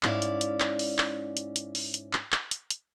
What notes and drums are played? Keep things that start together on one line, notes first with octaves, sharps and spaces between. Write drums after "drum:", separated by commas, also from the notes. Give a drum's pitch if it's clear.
G#2 C#4 E4 D5 E5 F5, drum: clap
drum: hi-hat
drum: hi-hat
drum: clap
drum: open hi-hat
drum: clap
drum: hi-hat
drum: hi-hat
drum: open hi-hat
drum: hi-hat
drum: clap
drum: clap
drum: hi-hat
drum: hi-hat